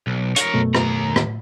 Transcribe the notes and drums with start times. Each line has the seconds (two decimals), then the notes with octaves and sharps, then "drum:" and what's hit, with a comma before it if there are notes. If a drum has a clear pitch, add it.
0.07 B1
0.36 A#4 C#5, drum: hi-hat
0.54 F#2 B2 A3
0.75 D#2 A#5, drum: rim click
1.16 A2, drum: rim click